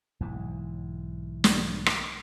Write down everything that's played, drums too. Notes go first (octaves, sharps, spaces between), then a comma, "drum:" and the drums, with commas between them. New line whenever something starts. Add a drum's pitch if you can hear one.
B1 G#2 E3
drum: snare
drum: rim click